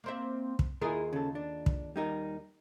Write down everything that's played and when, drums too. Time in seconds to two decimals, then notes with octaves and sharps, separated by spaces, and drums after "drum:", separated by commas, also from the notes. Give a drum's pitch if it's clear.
0.04 A#3 C4 E5
0.59 drum: kick
0.81 D#2 E4 F4 G#4 A#4
1.13 C#3 A4
1.35 D4
1.66 drum: kick
1.96 G3 D#4 A#4